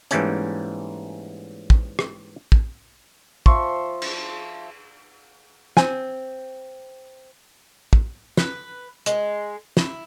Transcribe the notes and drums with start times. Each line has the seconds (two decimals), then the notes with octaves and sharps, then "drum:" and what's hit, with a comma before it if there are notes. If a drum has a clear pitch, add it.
0.11 G#2 E3 G3 A3 A#3 C#4, drum: hi-hat
1.70 drum: kick
1.99 drum: rim click
2.52 drum: kick
3.46 F3 E5 C6 C#6, drum: kick
4.02 drum: cymbal
5.77 C4 G#5, drum: snare
7.93 drum: kick
8.37 B4, drum: snare
9.06 G#3, drum: hi-hat
9.77 E4, drum: snare